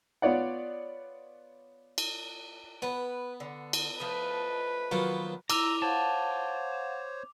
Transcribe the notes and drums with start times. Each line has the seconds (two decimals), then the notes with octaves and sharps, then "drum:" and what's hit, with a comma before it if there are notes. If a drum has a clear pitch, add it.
0.22 B3 F4 C#5 D5 F#5
1.98 drum: cymbal
2.82 B3 B4
3.40 D3
3.73 drum: cymbal
4.00 F3 A3 B4 D#5
4.91 D#3 F3 F#3 A#3 B3
5.50 E4 A#5 D6 E6 F7, drum: cymbal
5.82 C5 C#5 F5 F#5 A5